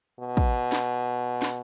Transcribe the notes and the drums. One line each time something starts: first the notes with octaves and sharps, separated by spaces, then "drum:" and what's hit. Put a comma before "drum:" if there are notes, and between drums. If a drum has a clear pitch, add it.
B2
drum: kick
drum: snare
drum: snare